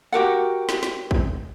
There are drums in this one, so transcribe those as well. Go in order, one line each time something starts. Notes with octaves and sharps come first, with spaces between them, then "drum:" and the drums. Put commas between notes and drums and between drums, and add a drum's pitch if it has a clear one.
F#4 G4 A#4 F#5
drum: snare
drum: snare
drum: kick